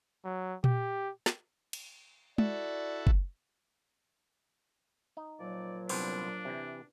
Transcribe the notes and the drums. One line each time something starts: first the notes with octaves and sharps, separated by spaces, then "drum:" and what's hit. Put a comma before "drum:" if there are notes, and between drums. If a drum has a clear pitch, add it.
F#3
G4, drum: tom A#2
drum: snare
drum: cymbal
E4 F#4 A4 D5, drum: tom
drum: kick F#1
D#4
A#2 F3 F#3 D5
C2 B3 D4 C5, drum: open hi-hat
C3 E3